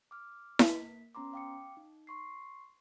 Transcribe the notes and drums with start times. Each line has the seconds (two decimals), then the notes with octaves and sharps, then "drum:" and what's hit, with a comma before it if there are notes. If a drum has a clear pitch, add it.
0.11 D6 F6
0.59 A#3 B6, drum: snare E4
1.15 B3 C#4 A#5 C6 D6
1.33 F5 G5 D6 D#6 C#7
1.77 D#4
2.07 C6 C#6 C7